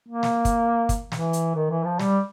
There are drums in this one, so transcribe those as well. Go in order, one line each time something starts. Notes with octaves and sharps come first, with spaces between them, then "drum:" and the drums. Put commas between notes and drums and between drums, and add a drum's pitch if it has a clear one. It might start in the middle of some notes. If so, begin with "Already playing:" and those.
A#3
drum: snare
drum: kick, hi-hat
drum: kick, hi-hat
E3, drum: snare
drum: hi-hat
D#3
E3
F3
G3, drum: snare